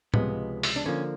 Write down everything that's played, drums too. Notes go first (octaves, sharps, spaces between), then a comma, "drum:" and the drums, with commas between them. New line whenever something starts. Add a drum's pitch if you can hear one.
C#2 C3 F3 G#3 B3, drum: tom A2
drum: open hi-hat
D4
D3 F3 A#3 C#4